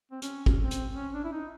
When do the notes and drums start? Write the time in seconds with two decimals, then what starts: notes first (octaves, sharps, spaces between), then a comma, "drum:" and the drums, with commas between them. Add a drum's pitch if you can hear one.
0.11 C4
0.22 C#4, drum: hi-hat
0.46 drum: kick
0.58 C4
0.71 drum: hi-hat
0.95 C#4
1.14 D4
1.24 E4
1.32 D#4